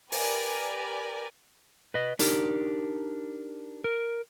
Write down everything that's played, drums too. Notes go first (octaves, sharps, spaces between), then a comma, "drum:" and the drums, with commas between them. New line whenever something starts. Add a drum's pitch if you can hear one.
G4 A#4 B4 D5 G#5, drum: open hi-hat
B4 D#5
D4 D#4 G4 A#4, drum: hi-hat
A#4